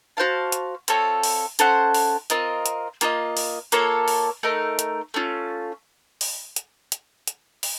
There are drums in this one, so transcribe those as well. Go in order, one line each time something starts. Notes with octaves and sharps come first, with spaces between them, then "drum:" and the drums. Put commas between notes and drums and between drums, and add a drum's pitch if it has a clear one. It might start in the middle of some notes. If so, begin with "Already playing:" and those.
F#4 C5 F5 A5
drum: hi-hat
C4 F4 A4 C#5, drum: hi-hat
drum: open hi-hat
C#4 A4 C5 F#5, drum: hi-hat
drum: open hi-hat
C4 F4 A#4 D#5, drum: hi-hat
drum: hi-hat
A#3 F4 A#4 D#5, drum: hi-hat
drum: open hi-hat
A#3 F4 A4 C#5, drum: hi-hat
drum: open hi-hat
A3 D#4 A#4
drum: hi-hat
A3 C#4 F4
drum: open hi-hat
drum: hi-hat
drum: hi-hat
drum: hi-hat
drum: open hi-hat